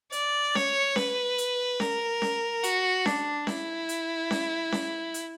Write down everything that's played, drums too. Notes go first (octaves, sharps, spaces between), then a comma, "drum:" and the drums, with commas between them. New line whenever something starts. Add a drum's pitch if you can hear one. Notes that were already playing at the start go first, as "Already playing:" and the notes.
D5, drum: hi-hat
C#5, drum: snare C#4
B4, drum: snare C#4
drum: hi-hat
A#4, drum: snare C#4
drum: snare C#4
F#4, drum: hi-hat
D4, drum: snare C#4
E4, drum: snare C#4
drum: hi-hat
drum: snare C#4
drum: snare C#4
drum: hi-hat